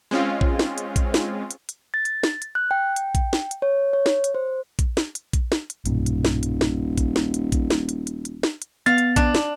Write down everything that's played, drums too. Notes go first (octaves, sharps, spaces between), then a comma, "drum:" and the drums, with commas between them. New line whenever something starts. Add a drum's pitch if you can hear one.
G#3 C4 C#4 F4
drum: kick A#1
drum: snare
drum: hi-hat
drum: kick A#1, hi-hat
drum: snare
drum: hi-hat
drum: hi-hat
A6
drum: hi-hat
drum: snare
drum: hi-hat
F#6
G5
drum: hi-hat
drum: kick A#1, hi-hat
drum: snare
drum: hi-hat
C#5
C#5
drum: snare
drum: hi-hat
C5
drum: kick A#1, hi-hat
drum: snare
drum: hi-hat
drum: kick A#1, hi-hat
drum: snare
drum: hi-hat
D#1 B1 G2 A#2, drum: hi-hat
drum: hi-hat
drum: snare
drum: hi-hat
drum: snare
drum: kick A#1, hi-hat
drum: snare
drum: hi-hat
drum: kick A#1, hi-hat
drum: snare
drum: hi-hat
drum: hi-hat
drum: hi-hat
drum: snare
drum: hi-hat
B3 F5 A6
drum: hi-hat
D4, drum: kick A#1, hi-hat
drum: snare